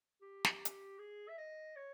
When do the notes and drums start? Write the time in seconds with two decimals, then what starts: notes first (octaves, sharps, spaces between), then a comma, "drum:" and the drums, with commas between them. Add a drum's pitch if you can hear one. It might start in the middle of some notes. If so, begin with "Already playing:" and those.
0.22 G4
0.45 drum: snare
0.65 drum: hi-hat
0.99 G#4
1.29 E5
1.38 D#5
1.76 C#5